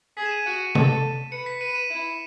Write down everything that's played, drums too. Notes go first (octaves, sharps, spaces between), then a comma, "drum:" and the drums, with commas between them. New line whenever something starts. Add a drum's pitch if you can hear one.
G#4 B6
E7
D#7
F#4
A4 D#7, drum: tom
B4 C#7
B6
B4 D#7
E7
E4